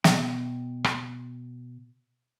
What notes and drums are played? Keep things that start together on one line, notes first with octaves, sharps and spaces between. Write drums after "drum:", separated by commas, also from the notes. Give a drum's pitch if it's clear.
B2 G5, drum: snare
drum: rim click